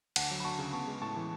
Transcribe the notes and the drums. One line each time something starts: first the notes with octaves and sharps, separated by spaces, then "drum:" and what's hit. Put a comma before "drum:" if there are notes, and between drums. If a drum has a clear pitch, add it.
D2 F#5 A5, drum: cymbal
F#3
B5
D2 A5 C#6
C#3
B3 A5 C#6
G#3
A2 A5 C#6
E3